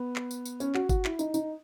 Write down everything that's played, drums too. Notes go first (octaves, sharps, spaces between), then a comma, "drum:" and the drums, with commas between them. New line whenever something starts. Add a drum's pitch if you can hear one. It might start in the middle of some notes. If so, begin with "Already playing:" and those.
Already playing: B3
drum: clap
drum: tambourine
drum: tambourine
C#4, drum: tambourine
F#4, drum: clap
F#4, drum: kick, tambourine
E4, drum: clap
D#4, drum: tambourine
D#4, drum: tambourine